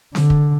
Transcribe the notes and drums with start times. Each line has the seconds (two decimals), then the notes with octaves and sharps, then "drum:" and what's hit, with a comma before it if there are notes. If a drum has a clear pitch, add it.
0.15 D3, drum: snare C4
0.30 drum: kick